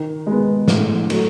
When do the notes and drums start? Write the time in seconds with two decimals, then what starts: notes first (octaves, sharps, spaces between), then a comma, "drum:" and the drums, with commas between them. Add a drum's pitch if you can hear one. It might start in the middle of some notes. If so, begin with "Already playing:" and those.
Already playing: D#3
0.26 G#3 B3
0.68 A2, drum: snare
1.10 F#3 A3, drum: cymbal